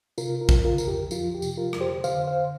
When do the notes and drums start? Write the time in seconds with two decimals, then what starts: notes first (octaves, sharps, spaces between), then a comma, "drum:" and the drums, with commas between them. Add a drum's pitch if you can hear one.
0.18 C3 F4 A#4, drum: tambourine
0.41 F4 A#4
0.49 F2, drum: kick, tambourine
0.65 F4 A#4
0.78 F2 A#4, drum: tambourine
0.88 G4
1.11 F3 F4, drum: tambourine
1.35 G4
1.42 C3, drum: tambourine
1.57 F4 A#4
1.73 F2, drum: rim click
1.81 G4 C5
2.04 D3 C5 F5, drum: tambourine
2.27 C5 F5